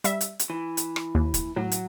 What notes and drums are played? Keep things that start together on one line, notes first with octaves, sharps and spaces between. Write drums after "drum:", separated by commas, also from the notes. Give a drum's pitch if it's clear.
G3 E5, drum: hi-hat
drum: hi-hat
drum: hi-hat
E3
drum: hi-hat
drum: rim click
D#2
drum: kick, hi-hat
A2 F#3
drum: hi-hat